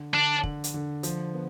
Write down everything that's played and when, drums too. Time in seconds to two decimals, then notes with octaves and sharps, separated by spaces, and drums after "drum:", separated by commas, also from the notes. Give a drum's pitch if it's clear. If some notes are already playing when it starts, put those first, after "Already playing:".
Already playing: D3
0.13 D3 D4
0.43 D3, drum: kick
0.64 drum: hi-hat
0.74 D3
1.03 F3, drum: hi-hat
1.34 B3